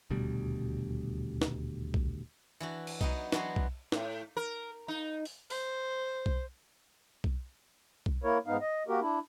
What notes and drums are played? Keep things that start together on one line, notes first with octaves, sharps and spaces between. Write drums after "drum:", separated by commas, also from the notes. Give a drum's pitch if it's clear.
D#1 D2 B2 G3
drum: snare
drum: kick B1
E3 D4 F#4
drum: cymbal
F#3 B3 D#4, drum: kick B1
E3 F#3 B3 D4 F#4 C5, drum: snare
drum: kick B1
A2, drum: snare
A#4
D#4
drum: open hi-hat
C5, drum: open hi-hat
drum: kick B1
drum: kick B1
drum: kick B1
A#3 E4 A#4 C#5
G#2 B3 D#4 F5
D#5
A#3 F#4 G4 A#4
D4 E4